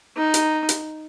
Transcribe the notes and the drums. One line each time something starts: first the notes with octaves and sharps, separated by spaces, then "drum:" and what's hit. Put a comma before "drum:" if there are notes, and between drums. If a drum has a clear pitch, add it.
D#4
drum: hi-hat
drum: hi-hat